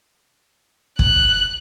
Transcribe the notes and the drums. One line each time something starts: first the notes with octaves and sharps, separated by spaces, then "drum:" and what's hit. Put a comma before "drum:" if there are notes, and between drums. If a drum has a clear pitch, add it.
F#6, drum: kick